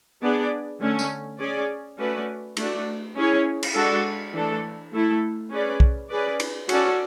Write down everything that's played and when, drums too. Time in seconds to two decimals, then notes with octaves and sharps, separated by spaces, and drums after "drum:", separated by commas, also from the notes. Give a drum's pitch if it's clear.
0.22 B3 D4 G#4 D5
0.81 D3 A3 C#4
0.99 drum: tambourine
1.40 C#4 G#4 D5
1.99 A3 C#4 F#4 B4 D5
2.57 A3 D4 F#4, drum: cymbal
3.16 C#4 E4 G#4 C#5
3.63 drum: cymbal
3.74 G#3 D4 F#4 A4
4.33 E3 A3 D4 A4
4.92 A3 E4 A4
5.50 C#4 G#4 B4 D5
5.80 drum: kick B1
6.10 C#4 G#4 B4 D5
6.40 drum: cymbal
6.69 C#4 F#4 A4 D5, drum: cymbal